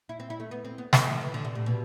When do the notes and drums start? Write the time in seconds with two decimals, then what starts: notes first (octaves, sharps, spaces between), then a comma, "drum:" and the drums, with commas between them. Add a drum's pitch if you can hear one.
0.09 E4
0.20 C4
0.30 E4
0.40 A3
0.51 B3
0.65 C4
0.78 B3
0.93 A3, drum: snare
1.07 F3
1.21 E3
1.34 D3
1.45 C3
1.55 A2
1.66 B2